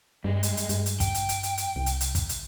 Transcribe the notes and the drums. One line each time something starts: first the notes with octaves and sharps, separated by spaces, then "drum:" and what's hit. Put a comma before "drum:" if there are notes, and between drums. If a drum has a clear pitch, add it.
G2 G3 G#3
drum: hi-hat
drum: hi-hat
G2, drum: hi-hat
drum: hi-hat
G5, drum: kick, hi-hat
drum: hi-hat
drum: hi-hat
drum: hi-hat
drum: hi-hat
C2
drum: hi-hat
drum: hi-hat
drum: kick, hi-hat
drum: hi-hat